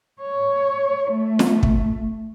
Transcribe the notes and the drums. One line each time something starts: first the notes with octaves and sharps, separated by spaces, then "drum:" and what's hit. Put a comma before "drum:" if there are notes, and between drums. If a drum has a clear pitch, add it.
C#5
A3
drum: snare
drum: kick